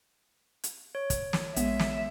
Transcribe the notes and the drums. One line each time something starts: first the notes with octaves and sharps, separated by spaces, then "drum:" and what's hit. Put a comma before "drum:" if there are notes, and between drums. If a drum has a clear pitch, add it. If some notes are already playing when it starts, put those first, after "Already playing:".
drum: hi-hat
C#5
drum: kick, hi-hat
drum: snare
A#1 G#3 B3 E5, drum: hi-hat
drum: snare